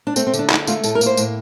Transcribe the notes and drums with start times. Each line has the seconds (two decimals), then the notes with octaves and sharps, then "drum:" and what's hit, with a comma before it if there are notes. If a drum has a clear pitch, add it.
0.07 D4
0.16 A3 C4, drum: tambourine
0.27 C4
0.34 D3, drum: tambourine
0.39 D4
0.50 D3 D#4, drum: clap
0.67 A3 F4, drum: tambourine
0.84 A2 A4, drum: tambourine
0.95 A#4
1.01 A#3, drum: tambourine
1.06 C5
1.17 A2, drum: tambourine